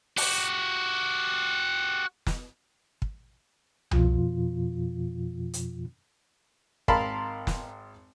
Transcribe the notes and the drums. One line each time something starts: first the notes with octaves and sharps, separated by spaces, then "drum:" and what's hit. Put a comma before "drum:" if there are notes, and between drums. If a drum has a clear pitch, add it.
F#4 G4, drum: open hi-hat
drum: snare
drum: kick
F2 B2 F3 F4, drum: tom C2
drum: hi-hat
G#1 A#4 F5 A5 B5 C6, drum: kick
drum: snare